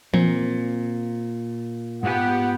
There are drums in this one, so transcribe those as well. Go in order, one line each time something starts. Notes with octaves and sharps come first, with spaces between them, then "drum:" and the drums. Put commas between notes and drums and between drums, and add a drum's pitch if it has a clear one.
A#2 C4, drum: tom E3
G#2 B3 F4 G4 F#5 G#5